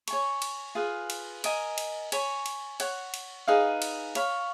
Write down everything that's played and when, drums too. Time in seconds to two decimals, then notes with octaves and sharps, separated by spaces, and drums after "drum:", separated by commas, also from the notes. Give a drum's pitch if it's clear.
0.08 C#5 G#5 C#6, drum: cymbal
0.42 drum: cymbal
0.75 F4 G#4 B4 F5
1.10 drum: cymbal
1.44 A#4 D#5 G#5, drum: cymbal
1.78 drum: cymbal
2.12 C#5 G#5 B5, drum: cymbal
2.46 drum: cymbal
2.80 C#5 F#5 C#6, drum: cymbal
3.14 drum: cymbal
3.48 D#4 G#4 B4 F5
3.82 drum: cymbal
4.15 C#5 F5 B5, drum: cymbal